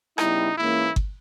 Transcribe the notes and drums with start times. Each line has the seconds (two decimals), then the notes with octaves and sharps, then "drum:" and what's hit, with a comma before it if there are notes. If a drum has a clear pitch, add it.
0.18 C#3 G3 B3 D#4 E4, drum: rim click
0.57 G#2 E3 A#3 C#4 E4
0.96 drum: kick G1